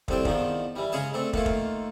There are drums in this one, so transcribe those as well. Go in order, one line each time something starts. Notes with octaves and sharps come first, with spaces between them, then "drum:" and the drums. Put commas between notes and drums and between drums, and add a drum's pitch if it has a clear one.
C2 A2 C4 D4 G5, drum: kick
E2 D#3 F3 D4, drum: kick
E3 G3
C#3 G#3 C#4 G#4 A5
A3 C4 D4
D#3 A3 A#3 F4, drum: kick
drum: kick